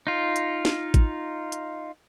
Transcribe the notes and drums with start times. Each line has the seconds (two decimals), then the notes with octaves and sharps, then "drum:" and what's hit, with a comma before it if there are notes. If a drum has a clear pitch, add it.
0.07 D#4 F4
0.36 drum: hi-hat
0.65 drum: snare
0.94 drum: kick A1, hi-hat
1.52 drum: hi-hat